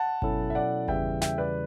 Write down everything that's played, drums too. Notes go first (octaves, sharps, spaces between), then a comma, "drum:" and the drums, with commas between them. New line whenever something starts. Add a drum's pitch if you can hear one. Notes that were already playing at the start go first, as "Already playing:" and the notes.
Already playing: F#5 A5
B2 F#3 C#4 E4 A4, drum: kick G1
E5
D5 F#5
E2 C#3 E3 G3 E5 G5, drum: kick G1
E5 G5, drum: snare
B4 D5